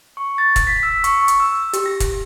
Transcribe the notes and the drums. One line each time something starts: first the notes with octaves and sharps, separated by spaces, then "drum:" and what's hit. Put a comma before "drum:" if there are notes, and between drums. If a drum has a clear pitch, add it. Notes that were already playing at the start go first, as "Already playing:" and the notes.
C#6
A6
drum: kick, hi-hat
B6
E6
C#6, drum: hi-hat
drum: hi-hat
E6
G4, drum: hi-hat
A#6
drum: kick, hi-hat